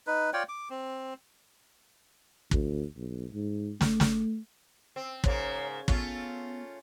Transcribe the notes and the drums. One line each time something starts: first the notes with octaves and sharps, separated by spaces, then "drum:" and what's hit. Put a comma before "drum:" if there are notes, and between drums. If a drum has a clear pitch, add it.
D#4 B4
F4 C#5 D5 G5
D6
C4
D2, drum: kick
B1
G#2
A3, drum: snare
drum: snare
C4
G#2 C#3 A#3 C#5, drum: kick
A3 B3 C#4 F4, drum: kick